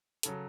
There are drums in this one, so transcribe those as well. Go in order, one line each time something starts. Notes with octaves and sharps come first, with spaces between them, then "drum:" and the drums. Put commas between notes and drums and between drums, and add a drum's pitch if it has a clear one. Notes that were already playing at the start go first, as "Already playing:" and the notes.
C#3 F#3 A4, drum: hi-hat